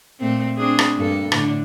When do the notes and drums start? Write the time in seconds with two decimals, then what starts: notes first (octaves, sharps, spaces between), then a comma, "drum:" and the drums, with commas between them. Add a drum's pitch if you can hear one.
0.21 A#2 A3 C4
0.57 C4 D4 G#4
0.79 drum: rim click
0.97 G2 A#3 A4
1.32 A2 D3 D4, drum: rim click